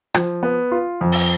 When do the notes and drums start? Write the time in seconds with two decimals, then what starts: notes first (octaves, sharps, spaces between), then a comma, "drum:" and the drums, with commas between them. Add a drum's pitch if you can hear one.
0.14 F3, drum: rim click
0.43 B3
0.72 F4
1.01 F2
1.12 drum: open hi-hat